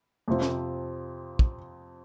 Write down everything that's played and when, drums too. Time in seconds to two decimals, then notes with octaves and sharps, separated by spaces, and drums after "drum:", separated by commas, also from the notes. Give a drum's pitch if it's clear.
0.28 F2 C3 F3 C4
0.41 drum: snare
1.39 drum: kick